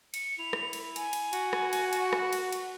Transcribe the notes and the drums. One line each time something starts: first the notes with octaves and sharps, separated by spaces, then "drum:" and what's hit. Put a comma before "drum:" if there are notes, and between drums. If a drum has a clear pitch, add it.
C#7, drum: cymbal
E4 F7
drum: rim click
drum: cymbal
G#5, drum: cymbal
drum: cymbal
F#4, drum: cymbal
drum: rim click
drum: cymbal
drum: cymbal
drum: rim click
drum: cymbal
drum: cymbal